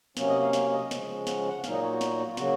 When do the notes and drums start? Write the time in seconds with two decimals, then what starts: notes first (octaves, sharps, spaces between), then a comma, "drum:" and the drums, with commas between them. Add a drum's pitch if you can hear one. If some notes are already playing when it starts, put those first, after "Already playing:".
0.17 C3 F#3 A#3 C#4, drum: snare
0.29 D#5
0.41 F5
0.53 F5, drum: snare
0.72 D#5
0.91 C#3 F3 G#3 C#4, drum: snare
1.27 F#5, drum: snare
1.48 F#5
1.64 A#2 F#3 A#3 D#4 F5, drum: snare
1.73 D#5
1.82 C#5
1.92 F#4
2.01 drum: snare
2.31 F4
2.37 C#3 F#3 A#3 F#4, drum: snare